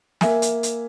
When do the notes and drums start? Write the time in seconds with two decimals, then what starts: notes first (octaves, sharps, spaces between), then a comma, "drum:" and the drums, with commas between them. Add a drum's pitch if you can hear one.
0.21 A#3 E5 G#5, drum: snare
0.42 drum: hi-hat
0.63 drum: hi-hat